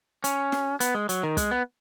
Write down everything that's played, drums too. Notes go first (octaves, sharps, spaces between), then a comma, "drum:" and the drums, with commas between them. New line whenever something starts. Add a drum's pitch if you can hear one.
C#4, drum: hi-hat
drum: snare
B3, drum: hi-hat
G#3
F#3, drum: hi-hat
D#3
G#3, drum: kick, hi-hat
B3